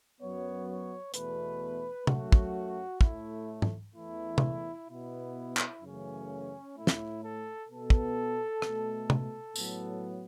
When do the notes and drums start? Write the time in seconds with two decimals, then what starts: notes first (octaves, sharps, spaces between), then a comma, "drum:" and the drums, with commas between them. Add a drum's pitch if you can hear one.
0.20 F#2 F#3 B3 C#5
0.67 C#5
1.14 E2 B2 A3 B4, drum: hi-hat
2.07 F#2 F#3 A3 F#4, drum: tom C3
2.32 drum: kick
3.01 A2 A3 E4, drum: kick
3.62 drum: tom
3.94 E2 E3 A3 E4
4.38 drum: tom C3
4.88 B2 B3 E4
5.57 drum: clap
5.82 F#2 C#3 E3 A3 C#4
6.76 A2 A3 E4
6.87 drum: snare
7.22 A4
7.69 B2 B3 A4
7.90 drum: kick
8.62 B2 A3, drum: rim click
9.10 A4, drum: tom C3
9.56 A2 F#3 B3, drum: tambourine